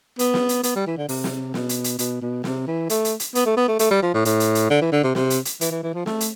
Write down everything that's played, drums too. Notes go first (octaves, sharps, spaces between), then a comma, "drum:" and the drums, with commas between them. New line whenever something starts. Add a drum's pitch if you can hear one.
B3, drum: hi-hat
drum: snare
drum: hi-hat
B3, drum: hi-hat
G3
E3
D3
C3, drum: open hi-hat
drum: snare
B2, drum: snare
drum: hi-hat
drum: hi-hat
B2, drum: hi-hat
B2
C3, drum: snare
E3
A3, drum: hi-hat
drum: hi-hat
drum: hi-hat
B3, drum: hi-hat
A3
B3
A3
A3, drum: hi-hat
G3
F3
A2
A2, drum: hi-hat
drum: hi-hat
drum: hi-hat
D3
E3
D3
C3
C3, drum: snare
drum: hi-hat
drum: hi-hat
E3, drum: hi-hat
E3
E3
F3
A3, drum: snare
drum: hi-hat